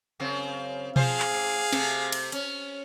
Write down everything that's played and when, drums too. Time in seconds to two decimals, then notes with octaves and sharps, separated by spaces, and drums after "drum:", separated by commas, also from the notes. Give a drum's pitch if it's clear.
0.20 F#2 C#3 C4
0.96 F3 G#4 C5 F5, drum: tom B2
1.19 drum: clap
1.31 G#2
1.73 C3 A3 C4, drum: snare
2.12 drum: cymbal
2.32 C#4, drum: hi-hat